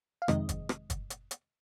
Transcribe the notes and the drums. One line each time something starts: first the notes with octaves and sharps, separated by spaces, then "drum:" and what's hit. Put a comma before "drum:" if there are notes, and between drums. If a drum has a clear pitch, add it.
F5
F2 C3 D#3 G#3 D#5, drum: rim click
drum: kick, hi-hat
drum: rim click
drum: kick, hi-hat
drum: hi-hat
drum: hi-hat